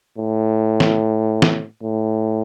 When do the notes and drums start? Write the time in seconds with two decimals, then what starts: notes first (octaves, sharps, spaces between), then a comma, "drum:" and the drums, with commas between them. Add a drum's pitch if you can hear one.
0.18 A2
0.80 drum: snare
1.42 drum: snare
1.83 A2